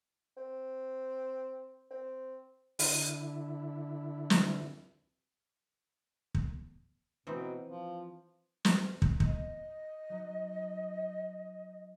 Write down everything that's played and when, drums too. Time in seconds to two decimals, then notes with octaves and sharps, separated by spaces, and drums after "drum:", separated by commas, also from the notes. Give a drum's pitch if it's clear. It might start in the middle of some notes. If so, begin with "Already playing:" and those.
0.37 C4
1.91 C4
2.79 D3 E4, drum: open hi-hat
4.30 drum: snare
6.35 drum: kick
7.27 B2 E3 C4 D#4
7.65 F3
8.65 drum: snare
9.02 drum: kick
9.20 D#5, drum: kick
10.09 F#3 D#4